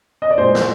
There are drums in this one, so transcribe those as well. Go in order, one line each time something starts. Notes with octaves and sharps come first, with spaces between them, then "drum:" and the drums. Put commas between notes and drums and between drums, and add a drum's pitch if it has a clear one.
D#5
D5
A#2 G#3 C5
drum: snare